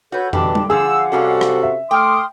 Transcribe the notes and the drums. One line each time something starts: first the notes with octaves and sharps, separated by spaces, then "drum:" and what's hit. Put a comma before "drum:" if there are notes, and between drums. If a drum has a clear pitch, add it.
F#4 A4 B4 C#5 G6
G2 B2 D3 E3 G4 A5, drum: tom
drum: tom G3
D3 F3 G#4 F5 F#5 E6
G2 C3 C#4 D4 F#4 A4
drum: rim click
E5
A3 G5 C6 D6 D#6 F6